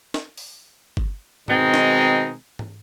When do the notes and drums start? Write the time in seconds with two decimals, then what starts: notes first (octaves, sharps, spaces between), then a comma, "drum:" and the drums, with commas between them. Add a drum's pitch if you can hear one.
0.14 drum: snare
0.38 drum: open hi-hat
0.97 drum: kick G1
1.48 B2 D#3 G#3 C4 D#4, drum: tom G#2
1.74 drum: snare
2.59 drum: tom G#2